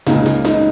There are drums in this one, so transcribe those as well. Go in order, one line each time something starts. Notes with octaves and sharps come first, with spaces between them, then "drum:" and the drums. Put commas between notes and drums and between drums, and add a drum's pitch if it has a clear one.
C#2 C#3 A#3 D#4, drum: snare
drum: snare
D#4, drum: snare